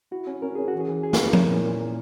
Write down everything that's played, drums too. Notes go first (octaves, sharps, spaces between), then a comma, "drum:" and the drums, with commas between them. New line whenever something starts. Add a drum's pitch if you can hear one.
E4 F#4
C#4
C#4 A#4
C#4 G#4
F#4
E3
G#4
E3
E3 G#4
A#4, drum: snare
E3
B4
C#4 A#4, drum: tom F3
A#2
A#3
A#3